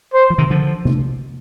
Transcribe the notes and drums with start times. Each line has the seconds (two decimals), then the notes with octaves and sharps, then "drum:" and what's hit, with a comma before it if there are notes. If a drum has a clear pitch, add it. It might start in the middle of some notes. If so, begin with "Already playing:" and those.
0.14 C5
0.30 F3
0.38 C3 D#3
0.50 D3 F3
0.85 drum: tom C3